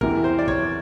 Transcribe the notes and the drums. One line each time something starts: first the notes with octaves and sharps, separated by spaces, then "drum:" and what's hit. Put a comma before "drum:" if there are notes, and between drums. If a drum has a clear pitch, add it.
E2 C3 E3 A#4, drum: kick
C5
D5
C#5, drum: kick